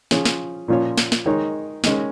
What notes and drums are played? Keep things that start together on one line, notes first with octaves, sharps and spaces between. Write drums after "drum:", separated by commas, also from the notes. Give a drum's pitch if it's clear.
F3 C#4 F4 G#4 C#5, drum: snare
drum: snare
A#2 F3 C#4 F4 C#5
drum: snare
drum: snare
D#3 G#3 D#4 C#5
D#3 G#3 C#4, drum: snare